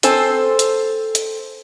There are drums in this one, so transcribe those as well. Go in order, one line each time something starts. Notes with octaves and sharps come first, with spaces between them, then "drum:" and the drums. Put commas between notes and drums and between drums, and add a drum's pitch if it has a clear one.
C4 A4 C5 G#5, drum: hi-hat
drum: hi-hat
drum: hi-hat